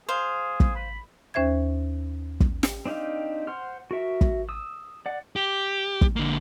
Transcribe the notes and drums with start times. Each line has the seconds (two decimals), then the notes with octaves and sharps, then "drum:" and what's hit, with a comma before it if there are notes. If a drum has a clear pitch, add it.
0.09 G#4 C5 F5
0.60 drum: kick
0.76 B5
1.34 D#2 C#4 C5 E5 G#6
2.40 drum: kick
2.63 drum: snare
2.86 C4 D4 D#4 G4 F5
3.47 C5 F#5 C6 F6
3.91 F#4 A#4 E5
4.21 drum: kick
4.49 D#6 E6
5.06 D5 F#5
5.36 G4
6.01 drum: kick
6.16 D3 A#3